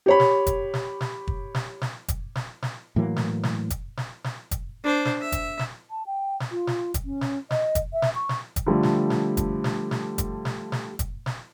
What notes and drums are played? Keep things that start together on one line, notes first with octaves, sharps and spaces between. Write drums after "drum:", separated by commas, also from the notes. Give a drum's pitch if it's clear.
G4 C#5 B5
drum: snare
drum: kick, hi-hat
drum: snare
drum: snare
drum: kick
drum: snare
drum: snare
drum: kick, hi-hat
drum: snare
drum: snare
A2 E3 F#3 A#3
drum: snare
drum: snare
drum: kick, hi-hat
drum: snare
drum: snare
drum: kick, hi-hat
D4 C5
drum: snare
E5
drum: kick, hi-hat
drum: snare
A5
G5
drum: snare
F4
drum: snare
drum: kick, hi-hat
C#4
drum: snare
D#5, drum: snare
drum: kick, hi-hat
E5
drum: snare
C#6
drum: snare
drum: kick, hi-hat
D3 F3 G3 A3
drum: snare
drum: snare
drum: kick, hi-hat
drum: snare
drum: snare
drum: kick, hi-hat
drum: snare
drum: snare
drum: kick, hi-hat
drum: snare